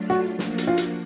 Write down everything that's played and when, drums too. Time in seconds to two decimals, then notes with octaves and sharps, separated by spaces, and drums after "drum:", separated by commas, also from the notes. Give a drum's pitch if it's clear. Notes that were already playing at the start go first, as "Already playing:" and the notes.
Already playing: F#3 A3 D4 F4
0.10 F#4
0.39 F3 A#3 D4 F#4, drum: snare
0.58 drum: hi-hat
0.67 F4
0.77 drum: hi-hat